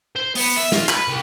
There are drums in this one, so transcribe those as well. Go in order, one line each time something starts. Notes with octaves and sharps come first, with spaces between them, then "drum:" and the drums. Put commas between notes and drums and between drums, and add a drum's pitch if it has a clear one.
C5
B3, drum: open hi-hat
E5
F4, drum: snare
B4, drum: clap
C2